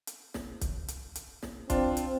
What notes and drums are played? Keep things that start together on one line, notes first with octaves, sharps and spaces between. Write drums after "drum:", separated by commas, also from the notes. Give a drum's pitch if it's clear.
drum: hi-hat
drum: snare
drum: kick, hi-hat
drum: hi-hat
drum: hi-hat
drum: snare
C4 D4 F4, drum: kick, hi-hat
drum: hi-hat